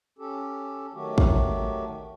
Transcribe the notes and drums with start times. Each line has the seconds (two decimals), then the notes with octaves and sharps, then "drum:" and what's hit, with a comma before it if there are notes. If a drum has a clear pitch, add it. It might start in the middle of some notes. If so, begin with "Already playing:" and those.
0.19 C#4 G4 A4
0.94 D#3 F#3 A3 F#4 G4
1.18 drum: kick